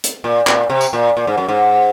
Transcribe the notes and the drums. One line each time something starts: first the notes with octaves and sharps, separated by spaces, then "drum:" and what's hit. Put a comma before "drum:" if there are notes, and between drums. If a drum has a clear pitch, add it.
drum: hi-hat
A#2
A#2, drum: clap
C3
drum: tambourine
A#2
A#2
G#2
F#2
G#2